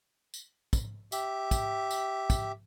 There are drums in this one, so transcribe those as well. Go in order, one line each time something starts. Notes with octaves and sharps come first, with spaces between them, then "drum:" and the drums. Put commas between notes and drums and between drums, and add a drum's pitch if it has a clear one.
drum: tambourine
drum: kick, tambourine
G4 E5, drum: tambourine
drum: kick, tambourine
drum: tambourine
drum: kick, tambourine